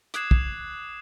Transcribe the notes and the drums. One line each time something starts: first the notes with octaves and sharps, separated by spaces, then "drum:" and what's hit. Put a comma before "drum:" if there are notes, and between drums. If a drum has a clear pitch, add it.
D6 D#6 F#6 G#6 C7 E7, drum: hi-hat
drum: kick